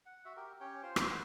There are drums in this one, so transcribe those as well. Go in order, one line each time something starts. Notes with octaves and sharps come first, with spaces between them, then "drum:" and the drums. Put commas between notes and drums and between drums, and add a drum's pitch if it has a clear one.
F#5
F#4 E5
G4 A#4
C#4 G4 C#5 G5
F4 C5
drum: rim click
F#4 C5 F#5